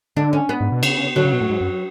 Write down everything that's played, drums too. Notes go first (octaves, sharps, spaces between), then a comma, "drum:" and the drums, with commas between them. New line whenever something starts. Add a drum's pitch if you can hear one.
D3 D4
C#4
B3
G#2
B2
C#3, drum: cymbal
D3 F#3
C#3
B2
A2
G#2
F#2